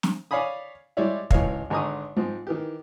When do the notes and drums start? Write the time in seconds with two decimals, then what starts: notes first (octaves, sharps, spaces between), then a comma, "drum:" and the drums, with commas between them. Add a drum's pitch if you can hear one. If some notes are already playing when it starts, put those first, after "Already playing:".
0.03 drum: snare
0.31 C#5 D5 F5 G#5 B5 D#6
0.97 G3 G#3 E4 C#5 D5 E5
1.31 G#1 C#2 E3 C#5 D#5 F5, drum: kick
1.70 G#1 D3 D#5 A#5 C#6 D#6
2.17 G#2 F3 C4
2.47 D#3 E3 G4